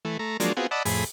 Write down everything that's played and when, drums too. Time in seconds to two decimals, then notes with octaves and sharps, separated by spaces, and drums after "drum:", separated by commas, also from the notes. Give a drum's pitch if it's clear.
0.05 E3 A3
0.19 A3 A#5
0.40 F3 F#3 G#3 A#3 D4, drum: hi-hat
0.57 B3 C4 F4 F#4 G#4
0.71 D5 D#5 F#5 A5 B5 E6
0.85 F2 A2 G#4 B5, drum: open hi-hat